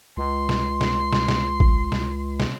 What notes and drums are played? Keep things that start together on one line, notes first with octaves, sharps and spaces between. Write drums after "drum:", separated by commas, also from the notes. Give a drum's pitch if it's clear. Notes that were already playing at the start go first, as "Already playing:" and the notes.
C#2 C6
drum: snare
drum: snare
drum: snare
drum: snare
drum: kick A1
drum: snare
drum: snare